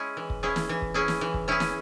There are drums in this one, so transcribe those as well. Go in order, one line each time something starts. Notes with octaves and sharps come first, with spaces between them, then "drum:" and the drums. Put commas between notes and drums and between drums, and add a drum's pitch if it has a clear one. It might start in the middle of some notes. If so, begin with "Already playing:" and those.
Already playing: G#3 C#4 E4 G#4
E3
drum: kick
C#4 E4 G#4
drum: snare
E3
drum: kick
C#4 E4 G#4
drum: snare
E3
drum: kick
C#4 E4 G#4
drum: snare